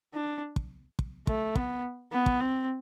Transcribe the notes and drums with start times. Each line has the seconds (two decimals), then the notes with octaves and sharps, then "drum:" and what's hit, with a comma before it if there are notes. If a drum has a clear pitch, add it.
0.14 D4
0.56 drum: kick
0.99 drum: kick
1.27 A3, drum: kick
1.55 B3, drum: kick
2.12 B3
2.26 drum: kick
2.40 C4